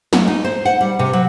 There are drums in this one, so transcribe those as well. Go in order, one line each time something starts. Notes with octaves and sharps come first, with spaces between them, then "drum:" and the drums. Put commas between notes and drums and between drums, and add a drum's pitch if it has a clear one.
F#3, drum: snare
D#4
C5
F#5
G3
C3
F#3